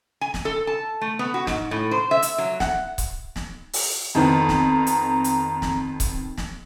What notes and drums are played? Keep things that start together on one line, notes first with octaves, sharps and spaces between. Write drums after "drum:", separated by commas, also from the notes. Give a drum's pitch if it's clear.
G#5
drum: snare
A4
A5
A3
B3
F#4
G#2, drum: snare
A2
C5
E5
drum: hi-hat
F#3
F#5, drum: snare
drum: kick C#1, hi-hat
drum: snare
drum: open hi-hat
F2 D#3 B3 A#5
drum: snare
drum: hi-hat
drum: hi-hat
drum: snare
drum: kick C#1, hi-hat
drum: snare